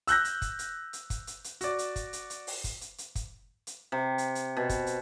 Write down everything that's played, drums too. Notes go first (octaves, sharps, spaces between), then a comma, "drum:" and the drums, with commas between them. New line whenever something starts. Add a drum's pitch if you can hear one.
E6 F#6 G6 A#6, drum: hi-hat
drum: hi-hat
drum: kick, hi-hat
drum: hi-hat
drum: hi-hat
drum: kick, hi-hat
drum: hi-hat
drum: hi-hat
F#4 D5, drum: hi-hat
drum: hi-hat
drum: kick, hi-hat
drum: hi-hat
drum: hi-hat
drum: open hi-hat
drum: kick, hi-hat
drum: hi-hat
drum: hi-hat
drum: kick, hi-hat
drum: hi-hat
C3
drum: hi-hat
drum: hi-hat
B2
drum: kick, hi-hat
drum: hi-hat